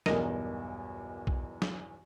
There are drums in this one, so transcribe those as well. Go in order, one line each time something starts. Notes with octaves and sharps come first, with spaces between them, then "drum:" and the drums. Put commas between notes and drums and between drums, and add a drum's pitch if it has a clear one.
B1 E2 G2 A#4 D#5, drum: snare
drum: kick B1
drum: snare